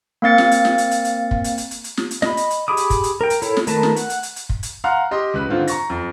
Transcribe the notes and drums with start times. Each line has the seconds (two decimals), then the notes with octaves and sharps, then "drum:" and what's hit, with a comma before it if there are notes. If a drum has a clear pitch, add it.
0.22 A#3 C4 F5 A6 C#7
0.38 drum: snare
0.51 drum: hi-hat
0.65 drum: snare
0.78 drum: hi-hat
0.91 drum: hi-hat
1.05 drum: hi-hat
1.31 drum: kick
1.44 drum: hi-hat
1.58 drum: hi-hat
1.71 drum: hi-hat
1.84 drum: hi-hat
1.97 drum: snare
2.11 drum: hi-hat
2.22 D#5 B5, drum: snare
2.37 drum: hi-hat
2.50 drum: hi-hat
2.68 G4 G#4 B5 D6 D#6
2.77 drum: hi-hat
2.90 drum: kick, hi-hat
3.04 drum: hi-hat
3.21 A#4 G5
3.30 drum: hi-hat
3.42 E4 A4 C#5, drum: hi-hat
3.57 drum: snare
3.67 D#3 A3 A#4 B4 A5, drum: hi-hat
3.83 drum: snare
3.96 F#5, drum: hi-hat
4.10 drum: hi-hat
4.23 drum: hi-hat
4.36 drum: hi-hat
4.49 drum: kick
4.63 drum: hi-hat
4.84 F5 F#5 A#5 C6 F6 F#6
5.11 G4 D#5 C6
5.34 C#2 B4 F#6
5.48 G#2 D3 D#3 C4 F4
5.68 A#5 C#6 A#6, drum: hi-hat
5.90 F2